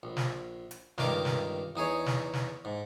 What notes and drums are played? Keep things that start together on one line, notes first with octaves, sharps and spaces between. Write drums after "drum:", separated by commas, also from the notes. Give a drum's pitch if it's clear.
A#1
drum: snare
drum: hi-hat
C#2 G2 D#3 A#4 D6, drum: snare
drum: snare
E2 D#4 G#4 C#5
drum: snare
drum: snare
G#2